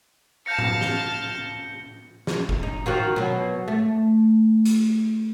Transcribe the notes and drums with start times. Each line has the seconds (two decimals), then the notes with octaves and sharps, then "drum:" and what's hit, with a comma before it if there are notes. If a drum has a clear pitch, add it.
0.46 F5 A5 G6 A#6 C#7
0.58 drum: tom A2
0.81 G7, drum: snare
2.27 drum: snare
2.49 drum: kick F#1
2.63 D#4
2.86 D#3 F3 F#4
3.16 B2 F#3
3.68 A3
4.65 drum: hi-hat